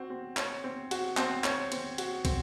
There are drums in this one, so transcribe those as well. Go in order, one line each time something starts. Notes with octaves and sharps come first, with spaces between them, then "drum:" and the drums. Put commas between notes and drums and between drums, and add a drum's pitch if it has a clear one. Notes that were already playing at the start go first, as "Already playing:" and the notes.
Already playing: C4 F#4
C4
C#5, drum: clap
C4
F#4, drum: cymbal
C4, drum: clap
C#5, drum: clap
C4, drum: cymbal
F#4, drum: cymbal
C4, drum: kick, cymbal